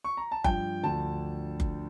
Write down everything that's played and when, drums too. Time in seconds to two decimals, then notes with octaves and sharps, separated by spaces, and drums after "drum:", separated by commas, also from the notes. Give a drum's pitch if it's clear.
0.04 C#6
0.17 A#5
0.31 A5
0.44 G2 F3 G5, drum: kick F#1
0.83 D2 D3 F3 A5
1.60 drum: kick F#1